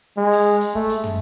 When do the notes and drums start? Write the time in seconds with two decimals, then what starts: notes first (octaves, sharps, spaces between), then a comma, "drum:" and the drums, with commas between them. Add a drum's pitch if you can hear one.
0.17 G#3
0.31 drum: open hi-hat
0.60 drum: hi-hat
0.75 A3, drum: kick F#1
0.89 drum: hi-hat
1.04 drum: tom